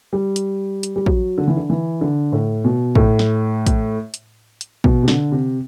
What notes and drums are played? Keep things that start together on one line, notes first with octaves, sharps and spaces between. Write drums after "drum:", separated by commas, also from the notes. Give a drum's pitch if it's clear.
G3
drum: hi-hat
drum: hi-hat
G3
F#3, drum: kick
D3
E3
D3
E3
D3
A2
B2
A2, drum: kick
drum: snare
drum: kick, hi-hat
drum: hi-hat
drum: hi-hat
B2, drum: kick
C3
D3, drum: snare
C3